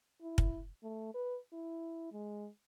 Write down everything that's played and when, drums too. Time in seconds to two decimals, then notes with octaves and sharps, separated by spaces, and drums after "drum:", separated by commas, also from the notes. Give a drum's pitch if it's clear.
0.22 E4
0.38 drum: kick
0.83 A3
1.14 B4
1.53 E4
2.12 G#3